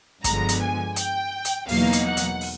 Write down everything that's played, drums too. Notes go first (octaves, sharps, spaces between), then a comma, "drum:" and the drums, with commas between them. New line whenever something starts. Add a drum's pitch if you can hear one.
G2 D3 F3 G#3 B3 A#5, drum: kick, hi-hat
drum: hi-hat
G#5
G5, drum: hi-hat
drum: hi-hat
E2 B2 F#3 A#3 D#4 F5, drum: open hi-hat
drum: hi-hat
F#5
drum: hi-hat
drum: open hi-hat